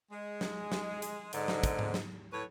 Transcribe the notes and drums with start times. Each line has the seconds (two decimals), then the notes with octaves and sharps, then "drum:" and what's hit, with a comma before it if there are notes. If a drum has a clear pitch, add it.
0.11 G#3
0.41 drum: snare
0.72 drum: snare
1.02 drum: hi-hat
1.33 G#2 D3, drum: hi-hat
1.48 drum: snare
1.63 drum: kick, hi-hat
1.79 drum: tom G#2
1.94 drum: snare
2.33 A2 B4 C#5